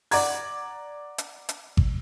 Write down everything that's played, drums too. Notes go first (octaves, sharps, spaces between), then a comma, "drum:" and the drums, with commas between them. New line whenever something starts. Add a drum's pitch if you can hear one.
D5 F#5 A#5 G#6, drum: open hi-hat
drum: hi-hat
drum: hi-hat
drum: kick G#1